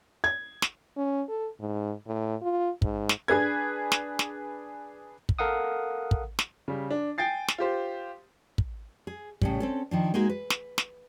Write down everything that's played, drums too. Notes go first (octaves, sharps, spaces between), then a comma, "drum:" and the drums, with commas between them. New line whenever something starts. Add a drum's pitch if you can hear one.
G#6
drum: snare
C#4
A4
G#2
A2
F4
G#2, drum: kick
drum: snare
D4 G#4 B4 G#6
drum: snare
drum: snare
drum: kick
A4 A#4 F5 F#5 D#6
drum: kick
drum: snare
C#3 G3
D4
G5 G#5 A6 C7
drum: snare
F4 G4 C5
drum: kick
G#4
A2 C#3 G3, drum: kick
C4 C#4 A4
D#3 F3 D4
G#3 A#3 D#4 F#4 G#4
B4
drum: snare
drum: snare